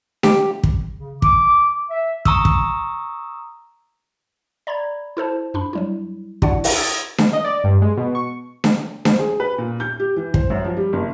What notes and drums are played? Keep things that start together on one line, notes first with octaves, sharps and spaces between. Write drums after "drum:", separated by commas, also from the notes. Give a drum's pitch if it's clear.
G4, drum: snare D4
drum: kick
C#3
D6, drum: kick
E5
A#5 C#6 D#6 E6, drum: kick
drum: kick
D5 A#5 B5 G#6
E4 A4 C5 A5
F#2 D4 B5
F#3 G3 E4
D4 E4 F#4 D5 F#5, drum: kick
drum: open hi-hat
D#6 E6 G#6 A6
drum: snare D4
D#5
D5
G2
G#3
B2
C#6
drum: snare D4
C5, drum: snare D4
G#4
B4
A#2
G6
G4
E3
C5, drum: kick
F#2
F3
G3
F#1